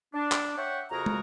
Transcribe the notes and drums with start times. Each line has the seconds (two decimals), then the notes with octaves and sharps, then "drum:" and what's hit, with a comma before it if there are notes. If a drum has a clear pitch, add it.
0.13 D4
0.32 drum: clap
0.56 C#5 E5 F#5 G5 C#6
0.91 F2 C#3 F#4 G#4 A#4 A#5
1.06 drum: tom